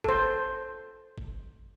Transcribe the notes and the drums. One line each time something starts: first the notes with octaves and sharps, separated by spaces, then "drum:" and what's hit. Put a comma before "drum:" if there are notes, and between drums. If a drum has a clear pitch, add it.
A4 C5, drum: kick G1
drum: kick G1